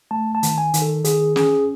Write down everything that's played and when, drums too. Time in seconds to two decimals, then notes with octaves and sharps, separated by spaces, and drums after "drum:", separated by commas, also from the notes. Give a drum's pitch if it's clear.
0.11 A3 A5
0.35 A5
0.43 D#3, drum: hi-hat
0.58 G#5
0.74 D#3, drum: hi-hat
0.82 A4
1.05 D#3 G#4, drum: hi-hat
1.36 C#4 G#4, drum: snare